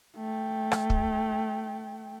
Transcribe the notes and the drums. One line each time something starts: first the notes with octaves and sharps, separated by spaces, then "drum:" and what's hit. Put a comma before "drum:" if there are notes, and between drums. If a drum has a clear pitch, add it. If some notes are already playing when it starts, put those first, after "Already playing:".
A3 G5
drum: rim click
drum: kick